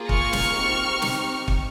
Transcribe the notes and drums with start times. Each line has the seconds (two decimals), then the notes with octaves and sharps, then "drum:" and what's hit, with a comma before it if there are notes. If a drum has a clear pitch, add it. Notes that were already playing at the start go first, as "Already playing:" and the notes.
Already playing: A#3 F4 G#4
0.09 C#6 F6, drum: kick
0.33 drum: snare
0.56 C4 D#4 G4
1.02 drum: snare
1.48 drum: kick